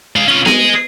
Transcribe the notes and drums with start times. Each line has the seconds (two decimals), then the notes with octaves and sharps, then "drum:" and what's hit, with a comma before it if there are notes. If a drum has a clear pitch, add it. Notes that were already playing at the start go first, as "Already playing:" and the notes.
0.16 G#3 F5
0.28 C#4 F4
0.46 G#4 D#5, drum: snare B3